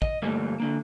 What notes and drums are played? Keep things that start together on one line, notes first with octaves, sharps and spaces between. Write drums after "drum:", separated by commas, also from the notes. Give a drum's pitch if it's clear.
D#5, drum: kick A1
D2 G2 G3 A3 A#3
D3 A#3